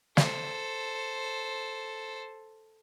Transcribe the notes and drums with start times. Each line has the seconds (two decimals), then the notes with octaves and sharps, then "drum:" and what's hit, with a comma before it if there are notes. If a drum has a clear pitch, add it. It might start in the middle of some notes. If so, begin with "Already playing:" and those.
0.17 A4 C5, drum: snare